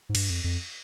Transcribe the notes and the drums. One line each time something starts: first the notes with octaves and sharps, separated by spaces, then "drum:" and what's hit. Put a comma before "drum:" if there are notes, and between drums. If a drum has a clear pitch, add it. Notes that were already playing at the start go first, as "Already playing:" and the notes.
G#2
G2, drum: cymbal
F2
F2